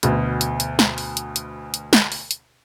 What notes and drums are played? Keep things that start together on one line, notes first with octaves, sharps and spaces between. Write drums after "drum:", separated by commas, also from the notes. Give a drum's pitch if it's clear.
D2 B2, drum: hi-hat
drum: hi-hat
drum: hi-hat
drum: snare
drum: open hi-hat
drum: hi-hat
drum: hi-hat
drum: hi-hat
drum: snare
drum: open hi-hat
drum: hi-hat